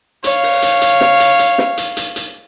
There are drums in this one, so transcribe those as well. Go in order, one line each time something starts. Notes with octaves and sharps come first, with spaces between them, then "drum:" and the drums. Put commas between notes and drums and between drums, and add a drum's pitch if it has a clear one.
C#5 F5, drum: hi-hat
drum: open hi-hat
drum: hi-hat
drum: hi-hat
drum: snare
drum: hi-hat
drum: hi-hat
drum: snare
drum: hi-hat
drum: hi-hat
drum: hi-hat